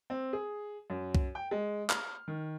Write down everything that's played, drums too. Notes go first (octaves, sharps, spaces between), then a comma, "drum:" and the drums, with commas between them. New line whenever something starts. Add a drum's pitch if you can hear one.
C4
G#4
F#2
drum: kick C2
G5
G#3
F6, drum: clap
D#3